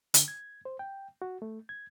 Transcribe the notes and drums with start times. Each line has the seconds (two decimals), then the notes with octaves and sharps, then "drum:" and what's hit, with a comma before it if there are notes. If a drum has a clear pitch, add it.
0.14 D3, drum: hi-hat
0.28 G#6
0.65 C5
0.79 G5
1.22 F#4
1.42 A3
1.69 G#6